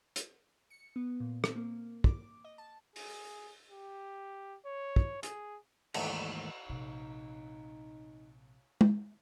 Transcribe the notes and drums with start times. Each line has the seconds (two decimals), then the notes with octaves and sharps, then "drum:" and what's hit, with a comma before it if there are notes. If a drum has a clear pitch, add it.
0.16 drum: hi-hat
0.70 C#7
0.96 B3
1.20 A#2
1.44 C4, drum: rim click
1.56 A#3
2.04 D6, drum: kick
2.44 D#5
2.58 A5
2.96 G#4, drum: open hi-hat
3.70 G4
4.66 C#5
4.96 drum: kick
5.23 G#4, drum: hi-hat
5.94 D#2 G#2 E3 A3 B3, drum: cymbal
6.69 A#1 C3 D#4
8.81 drum: tom